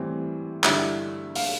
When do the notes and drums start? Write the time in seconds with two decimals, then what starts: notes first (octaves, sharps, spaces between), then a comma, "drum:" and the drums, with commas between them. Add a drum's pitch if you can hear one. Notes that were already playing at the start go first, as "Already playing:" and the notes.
Already playing: A2 E3 G3 C4
0.64 G2 D3 G3 E4 E5, drum: clap
1.35 F5, drum: open hi-hat